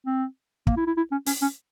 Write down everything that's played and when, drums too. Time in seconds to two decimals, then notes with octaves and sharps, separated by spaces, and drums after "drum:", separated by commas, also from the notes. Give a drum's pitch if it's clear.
0.06 C4
0.67 A#3, drum: kick
0.77 E4
0.87 E4
0.97 E4
1.12 C#4
1.26 C#4, drum: open hi-hat
1.42 C#4